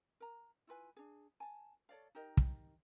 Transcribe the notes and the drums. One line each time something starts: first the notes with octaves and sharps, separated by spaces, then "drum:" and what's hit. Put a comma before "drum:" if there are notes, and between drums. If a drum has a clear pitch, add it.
A#4 A#5
E4 F4 B4 G#5
D4 G#4
G#5 A5
A4 C#5 D5 F5
D#4 G4 A#4 D#5
drum: kick